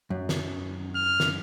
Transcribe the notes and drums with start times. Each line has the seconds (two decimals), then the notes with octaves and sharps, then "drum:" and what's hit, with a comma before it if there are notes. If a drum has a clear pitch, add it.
0.10 F#2
0.29 drum: snare
0.95 F6
1.20 drum: snare